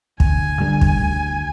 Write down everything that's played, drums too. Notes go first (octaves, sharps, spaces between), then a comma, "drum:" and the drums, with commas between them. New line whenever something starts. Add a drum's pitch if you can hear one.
D2 G#5, drum: kick
D3 G3
drum: kick
D2